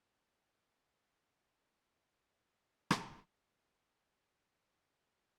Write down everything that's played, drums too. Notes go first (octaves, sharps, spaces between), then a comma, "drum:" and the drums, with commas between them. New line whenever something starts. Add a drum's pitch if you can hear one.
F2 D3 G3 C4 G4
E2 E3 A#3
D2 C3 F3 A3 E4
drum: rim click